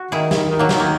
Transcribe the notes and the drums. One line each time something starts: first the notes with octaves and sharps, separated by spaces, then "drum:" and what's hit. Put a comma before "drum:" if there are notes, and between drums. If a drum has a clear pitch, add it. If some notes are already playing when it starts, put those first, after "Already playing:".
Already playing: F#4
D#3 E4 G#4
D#3, drum: snare
D#3
F#3 A#3
D#3, drum: snare
A#3